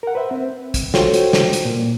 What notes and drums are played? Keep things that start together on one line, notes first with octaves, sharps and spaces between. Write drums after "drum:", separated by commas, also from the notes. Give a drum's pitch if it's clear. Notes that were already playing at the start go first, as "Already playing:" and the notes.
A#4 F#5
B4 C5 E5
C4
drum: kick, hi-hat
F4 F#4 A4 C5 C#5 G5, drum: snare
drum: hi-hat
drum: snare
drum: hi-hat
A#2